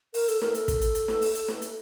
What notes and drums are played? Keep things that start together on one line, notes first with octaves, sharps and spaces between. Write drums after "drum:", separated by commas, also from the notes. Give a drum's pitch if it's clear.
A#4, drum: open hi-hat
A4, drum: hi-hat
A#4, drum: snare
A4, drum: hi-hat
drum: kick, hi-hat
drum: hi-hat
drum: hi-hat
drum: snare
drum: open hi-hat
drum: hi-hat
drum: snare
drum: hi-hat